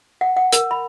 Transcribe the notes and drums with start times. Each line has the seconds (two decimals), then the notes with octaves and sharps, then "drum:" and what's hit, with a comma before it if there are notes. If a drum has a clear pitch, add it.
0.21 F#5
0.37 F#5
0.52 A#4, drum: hi-hat
0.71 B5